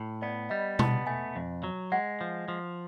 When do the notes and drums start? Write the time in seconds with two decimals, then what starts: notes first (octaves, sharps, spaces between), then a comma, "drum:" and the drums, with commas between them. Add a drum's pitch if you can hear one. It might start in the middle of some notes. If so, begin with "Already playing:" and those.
Already playing: A2
0.22 B3 D5
0.50 G3 D#5
0.79 B3 A5, drum: tom B2
1.07 A3 G#5
1.36 F2
1.64 F#3
1.92 G#3 F#5
2.21 F3
2.48 F3